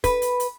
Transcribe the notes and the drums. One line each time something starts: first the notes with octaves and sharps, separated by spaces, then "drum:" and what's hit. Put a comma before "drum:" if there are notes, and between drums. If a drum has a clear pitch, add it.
B4, drum: kick, hi-hat
drum: hi-hat
drum: hi-hat